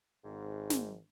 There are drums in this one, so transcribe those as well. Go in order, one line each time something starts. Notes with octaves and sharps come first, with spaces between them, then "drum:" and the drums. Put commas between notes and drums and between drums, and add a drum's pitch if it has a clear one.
G#1 G#2
drum: snare